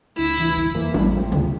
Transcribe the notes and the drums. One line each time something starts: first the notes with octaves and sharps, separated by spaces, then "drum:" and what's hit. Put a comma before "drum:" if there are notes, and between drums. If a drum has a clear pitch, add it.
D2 E4
C3 E3, drum: cymbal
G1
F2 E3 A#3
A1, drum: tom F#3
A2 F3 C4
D2, drum: tom C3